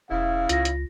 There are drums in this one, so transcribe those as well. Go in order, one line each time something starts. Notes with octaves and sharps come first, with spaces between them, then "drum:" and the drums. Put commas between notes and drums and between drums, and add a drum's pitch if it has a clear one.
E1 C#3 E4 F5
C#2 F4 A#6, drum: hi-hat
drum: hi-hat